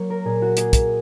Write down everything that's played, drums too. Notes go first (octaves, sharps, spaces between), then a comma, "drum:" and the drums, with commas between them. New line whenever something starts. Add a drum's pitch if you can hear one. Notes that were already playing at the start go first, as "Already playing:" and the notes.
Already playing: F#3 A#3 C#5
A#4
A#2 G#4
F#4
A#3 G#4, drum: hi-hat
drum: kick, hi-hat